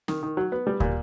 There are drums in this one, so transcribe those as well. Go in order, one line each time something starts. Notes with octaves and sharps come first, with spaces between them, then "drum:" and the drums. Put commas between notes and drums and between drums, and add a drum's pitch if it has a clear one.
D#3, drum: snare
D#3
F#3
B3
G3
A#2, drum: kick